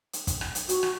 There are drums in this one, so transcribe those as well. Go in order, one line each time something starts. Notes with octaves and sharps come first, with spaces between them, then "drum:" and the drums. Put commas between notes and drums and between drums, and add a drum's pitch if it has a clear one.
drum: hi-hat
drum: kick, hi-hat
drum: rim click
drum: hi-hat
F#4, drum: hi-hat
drum: rim click